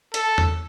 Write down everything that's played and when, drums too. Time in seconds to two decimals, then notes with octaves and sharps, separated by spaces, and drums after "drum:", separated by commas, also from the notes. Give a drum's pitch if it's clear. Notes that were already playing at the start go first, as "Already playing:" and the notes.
0.14 A4, drum: hi-hat
0.38 drum: tom E2